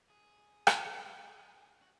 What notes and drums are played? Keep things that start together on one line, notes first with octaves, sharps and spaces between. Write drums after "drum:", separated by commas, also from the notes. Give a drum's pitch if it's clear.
G#4
drum: rim click
G#4
F#4